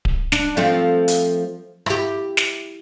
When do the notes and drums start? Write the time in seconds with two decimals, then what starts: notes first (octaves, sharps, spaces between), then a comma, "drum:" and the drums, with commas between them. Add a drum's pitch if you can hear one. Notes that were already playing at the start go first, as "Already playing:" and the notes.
0.05 drum: kick D1
0.32 D4, drum: snare
0.57 F3 A3 C4
1.08 drum: hi-hat
1.86 E4 G4, drum: rim click
2.37 drum: snare